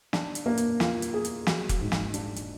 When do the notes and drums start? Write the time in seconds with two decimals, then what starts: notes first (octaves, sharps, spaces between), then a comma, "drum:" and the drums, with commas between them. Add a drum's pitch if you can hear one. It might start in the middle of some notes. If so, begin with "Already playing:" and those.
0.13 D4, drum: snare
0.35 drum: hi-hat
0.46 A#3
0.57 drum: hi-hat
0.80 F4, drum: snare
1.02 drum: hi-hat
1.14 G#4
1.25 drum: hi-hat
1.47 F#3, drum: snare
1.69 drum: kick F1, hi-hat
1.81 G#2
1.92 drum: snare
2.14 D4, drum: hi-hat
2.36 drum: hi-hat